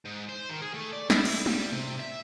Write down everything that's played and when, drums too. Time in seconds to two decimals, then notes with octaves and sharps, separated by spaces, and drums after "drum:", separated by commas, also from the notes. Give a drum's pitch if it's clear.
0.05 G#2
0.29 C5
0.49 D#3
0.62 G#4
0.74 A3
0.93 D5
1.10 E4, drum: snare
1.25 E4, drum: cymbal
1.46 G3, drum: tom
1.72 C3
1.99 E5